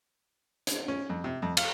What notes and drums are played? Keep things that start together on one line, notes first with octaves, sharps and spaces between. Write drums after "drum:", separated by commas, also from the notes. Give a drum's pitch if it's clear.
drum: hi-hat
C#4
F2
C3
F2
F5, drum: cymbal